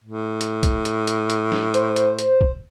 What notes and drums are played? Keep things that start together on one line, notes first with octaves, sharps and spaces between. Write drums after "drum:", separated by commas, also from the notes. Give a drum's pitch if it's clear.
A2
drum: hi-hat
drum: kick, hi-hat
drum: hi-hat
drum: hi-hat
drum: hi-hat
drum: snare
C5, drum: hi-hat
drum: hi-hat
drum: hi-hat
drum: kick